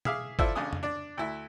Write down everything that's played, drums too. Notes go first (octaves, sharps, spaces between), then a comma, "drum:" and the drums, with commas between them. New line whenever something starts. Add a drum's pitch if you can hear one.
G#4 E5 F5 D6, drum: tom B2
E4 F4 A4 C5 D5 E5, drum: kick G1
A1 C#3 D4 G#5 D#6
drum: tom F2
D4 D5
D2 E4